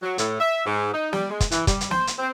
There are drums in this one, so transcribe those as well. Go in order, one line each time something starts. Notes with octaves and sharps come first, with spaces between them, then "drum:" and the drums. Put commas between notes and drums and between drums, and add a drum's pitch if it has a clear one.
F#3
A2, drum: hi-hat
E5
G#2
D#4
G3, drum: snare
G#3
drum: kick, hi-hat
E3, drum: hi-hat
G3, drum: kick, hi-hat
drum: hi-hat
C5, drum: snare
drum: hi-hat
C4